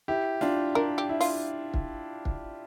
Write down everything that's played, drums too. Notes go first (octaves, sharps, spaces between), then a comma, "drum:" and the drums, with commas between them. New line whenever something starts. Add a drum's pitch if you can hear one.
E4 G4
D4 F4, drum: snare
D4 A#4
G4
E4
F4, drum: open hi-hat
drum: kick
drum: kick